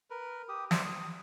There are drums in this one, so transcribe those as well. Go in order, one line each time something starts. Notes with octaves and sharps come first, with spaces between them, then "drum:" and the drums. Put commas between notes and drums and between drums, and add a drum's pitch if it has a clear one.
A#4 B4
G4 D#6
G3 C5 E5, drum: snare
D#6